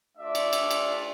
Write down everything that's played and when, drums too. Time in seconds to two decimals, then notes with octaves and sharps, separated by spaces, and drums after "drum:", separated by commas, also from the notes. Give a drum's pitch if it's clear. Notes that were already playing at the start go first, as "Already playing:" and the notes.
0.17 A3 D4 F4 D5 E5
0.35 drum: cymbal
0.53 drum: cymbal
0.71 drum: cymbal